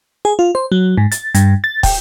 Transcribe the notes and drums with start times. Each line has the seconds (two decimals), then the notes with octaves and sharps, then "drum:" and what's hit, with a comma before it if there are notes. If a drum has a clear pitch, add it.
0.25 G#4
0.39 F4
0.55 C5
0.72 F#3
0.97 G#2
1.12 A6, drum: hi-hat
1.35 G2, drum: hi-hat
1.64 A6
1.83 G5, drum: kick, open hi-hat